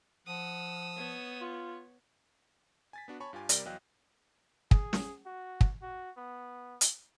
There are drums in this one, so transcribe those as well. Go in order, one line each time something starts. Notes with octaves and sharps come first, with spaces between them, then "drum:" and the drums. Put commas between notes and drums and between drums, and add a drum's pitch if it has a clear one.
F3 F#5 D#6 E6
B3 C#5
F4
G#5 A6 B6
B3 D4 F#4
C#5 G#5 A5 B5 C#6
G2 F4 G4 G#5
C3 G3 A#4 D5 A#6, drum: hi-hat
E2 F#3 D#5 F5 G5 F#6
G#4, drum: kick
drum: snare
F#4
drum: kick
F#4
B3
drum: hi-hat